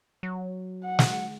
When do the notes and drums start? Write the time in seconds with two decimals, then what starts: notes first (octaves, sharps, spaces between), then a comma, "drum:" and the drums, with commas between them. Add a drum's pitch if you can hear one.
0.23 F#3
0.84 F#5
0.99 drum: snare